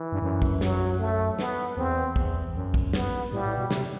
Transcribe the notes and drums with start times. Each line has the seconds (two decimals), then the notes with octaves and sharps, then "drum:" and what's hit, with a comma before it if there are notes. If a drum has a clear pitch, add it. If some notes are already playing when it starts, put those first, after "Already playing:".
Already playing: E3
0.12 G2
0.22 F#2
0.42 drum: kick
0.61 F#3, drum: snare
0.99 A3
1.39 B3, drum: snare
1.77 E2 C4
2.16 E2, drum: kick
2.55 F#2
2.74 drum: kick
2.93 B3, drum: snare
3.32 A2 G3
3.45 A2
3.58 B2
3.71 C3, drum: snare